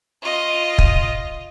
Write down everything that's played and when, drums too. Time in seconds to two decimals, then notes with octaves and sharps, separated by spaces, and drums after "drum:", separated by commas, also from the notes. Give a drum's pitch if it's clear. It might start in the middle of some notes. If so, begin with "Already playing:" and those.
0.23 F4 D#5
0.78 drum: kick